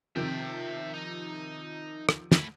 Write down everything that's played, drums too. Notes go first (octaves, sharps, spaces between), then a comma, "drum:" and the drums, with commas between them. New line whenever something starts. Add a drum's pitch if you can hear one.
C3 D#3 F3 E5 G5
D#4
drum: rim click
A3 B5, drum: snare